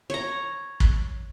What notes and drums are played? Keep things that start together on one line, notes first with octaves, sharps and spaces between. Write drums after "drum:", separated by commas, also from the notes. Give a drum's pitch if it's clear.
C#5 A#5
drum: kick